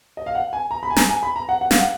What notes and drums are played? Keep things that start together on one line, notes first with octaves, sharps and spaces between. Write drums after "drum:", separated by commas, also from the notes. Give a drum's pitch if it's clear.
D#5
F5
F#5
G#5
A#5
B5
G#5
A#5, drum: snare
G#5
B5
A#5
F#5
F#5
F5, drum: snare
F#5